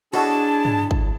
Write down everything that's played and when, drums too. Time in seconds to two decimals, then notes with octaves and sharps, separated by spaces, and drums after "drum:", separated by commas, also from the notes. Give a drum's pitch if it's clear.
0.13 D4 E4 F#4 G#4 A4 D#5 A5, drum: open hi-hat
0.65 drum: tom
0.91 drum: kick